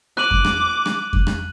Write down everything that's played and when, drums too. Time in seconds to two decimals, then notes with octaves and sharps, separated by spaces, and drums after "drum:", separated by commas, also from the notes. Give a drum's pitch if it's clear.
0.17 D6 F#6 D#7 F#7
0.31 drum: kick F2
0.45 drum: rim click
0.86 drum: rim click
1.13 drum: kick F2
1.27 drum: rim click